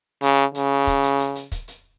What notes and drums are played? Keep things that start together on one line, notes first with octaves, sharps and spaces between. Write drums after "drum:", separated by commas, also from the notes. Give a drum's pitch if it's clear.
C#3, drum: hi-hat
C#3, drum: hi-hat
drum: kick, hi-hat
drum: hi-hat
drum: hi-hat
drum: hi-hat
drum: kick, hi-hat
drum: hi-hat